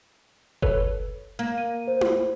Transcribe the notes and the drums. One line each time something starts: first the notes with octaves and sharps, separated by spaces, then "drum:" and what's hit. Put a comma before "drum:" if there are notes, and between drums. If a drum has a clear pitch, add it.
A4 B4 C#5, drum: kick F#1
A#3
D#7
C5
drum: tom E4